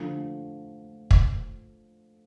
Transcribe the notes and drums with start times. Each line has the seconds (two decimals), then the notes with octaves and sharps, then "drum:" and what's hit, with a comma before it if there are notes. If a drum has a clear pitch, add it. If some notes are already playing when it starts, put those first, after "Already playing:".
Already playing: D3 F3 A3
1.11 drum: kick